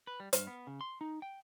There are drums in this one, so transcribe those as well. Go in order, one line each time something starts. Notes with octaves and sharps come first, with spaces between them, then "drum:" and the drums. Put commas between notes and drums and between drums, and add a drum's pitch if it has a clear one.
B4
G3
G2, drum: hi-hat
B3
C#3
C6
D#4
G5